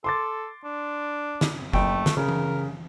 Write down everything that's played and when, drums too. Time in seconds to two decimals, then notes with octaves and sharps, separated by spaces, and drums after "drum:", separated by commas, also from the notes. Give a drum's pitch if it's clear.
0.04 A4 C6 D6 A6
0.64 D4
1.41 drum: snare
1.73 F#1 A3 G5 D7, drum: kick F#1
2.06 drum: snare
2.17 C#3 A#4
2.29 drum: tom E3